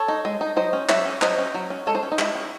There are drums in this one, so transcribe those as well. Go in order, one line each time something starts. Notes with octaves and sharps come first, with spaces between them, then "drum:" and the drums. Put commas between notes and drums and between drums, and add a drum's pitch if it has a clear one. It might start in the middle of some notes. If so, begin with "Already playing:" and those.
Already playing: A4 C#5
D#4
G#3
D#4
F#3 C5 D#5
C#4
F#3 C#5 E5, drum: clap
C#4
F#3 C5 D#5, drum: clap
C#4
F#3
C#4
G#3 A4 C#5
G#4 C5
C#4
D#4
G#3 E4, drum: clap
C#4